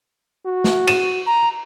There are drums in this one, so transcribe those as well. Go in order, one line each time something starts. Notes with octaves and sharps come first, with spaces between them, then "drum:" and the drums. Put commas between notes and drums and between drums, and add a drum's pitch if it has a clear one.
F#4
drum: snare
D#7 E7, drum: cymbal
A#5